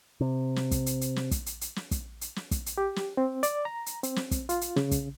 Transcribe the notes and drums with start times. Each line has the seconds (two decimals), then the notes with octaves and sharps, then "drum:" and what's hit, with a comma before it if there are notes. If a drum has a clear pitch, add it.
0.21 C3
0.56 drum: snare
0.71 drum: kick, hi-hat
0.86 drum: hi-hat
1.01 drum: hi-hat
1.16 drum: snare
1.31 drum: kick, hi-hat
1.46 drum: hi-hat
1.61 drum: hi-hat
1.76 drum: snare
1.91 drum: kick, hi-hat
2.21 drum: hi-hat
2.36 drum: snare
2.51 drum: kick, hi-hat
2.66 drum: hi-hat
2.78 G4
2.96 drum: snare
3.17 C4
3.43 D5, drum: hi-hat
3.65 A#5
3.86 drum: hi-hat
4.03 C4, drum: hi-hat
4.16 drum: snare
4.31 drum: kick, hi-hat
4.49 F4, drum: hi-hat
4.61 drum: hi-hat
4.76 C#3, drum: snare
4.91 drum: kick, hi-hat